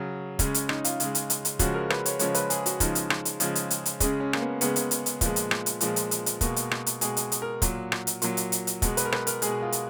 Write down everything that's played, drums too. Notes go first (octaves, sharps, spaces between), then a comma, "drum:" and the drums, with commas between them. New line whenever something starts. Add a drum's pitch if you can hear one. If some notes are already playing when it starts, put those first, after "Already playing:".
Already playing: C#3 F#3
C#3 G#3 C#4, drum: kick, hi-hat
drum: hi-hat
D#4, drum: rim click
F4, drum: hi-hat
C#3 G#3, drum: hi-hat
drum: hi-hat
drum: hi-hat
drum: hi-hat
C#3 F3 G#3 F#4, drum: kick, hi-hat
A#4
B4, drum: rim click
C#5, drum: hi-hat
C#3 F3 G#3 C#5, drum: hi-hat
B4, drum: hi-hat
G#4, drum: hi-hat
F#4, drum: hi-hat
C#3 F3 G#3 D#4, drum: kick, hi-hat
drum: hi-hat
drum: rim click
drum: hi-hat
C#3 F3 G#3, drum: hi-hat
drum: hi-hat
drum: hi-hat
drum: hi-hat
C#3 G#3 C#4, drum: kick, hi-hat
C#4
A#3, drum: rim click
B3
C#3 G#3 B3, drum: hi-hat
drum: hi-hat
drum: hi-hat
drum: hi-hat
A#2 F3 G#3, drum: kick, hi-hat
drum: hi-hat
drum: rim click
drum: hi-hat
A#2 F3 G#3, drum: hi-hat
drum: hi-hat
drum: hi-hat
drum: hi-hat
B2 G#3 A#3, drum: kick, hi-hat
drum: hi-hat
drum: rim click
drum: hi-hat
B2 G#3 G#4, drum: hi-hat
drum: hi-hat
drum: hi-hat
A#4
A#2 F#3, drum: kick, hi-hat
drum: rim click
drum: hi-hat
A#2 F#3, drum: hi-hat
drum: hi-hat
drum: hi-hat
drum: hi-hat
B2 G#3, drum: kick, hi-hat
B4, drum: hi-hat
A#4
B4, drum: rim click
A#4, drum: hi-hat
B2 G#3 G#4, drum: hi-hat
F4
drum: hi-hat